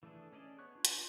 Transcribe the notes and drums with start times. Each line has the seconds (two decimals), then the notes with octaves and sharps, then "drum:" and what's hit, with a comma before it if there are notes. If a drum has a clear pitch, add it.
0.03 E3 A3 D4 G#4 A4
0.33 C#4 G#4 D5 D#5 A5
0.59 B3 C#5 C#6 F#6
0.75 D4 F4
0.85 drum: hi-hat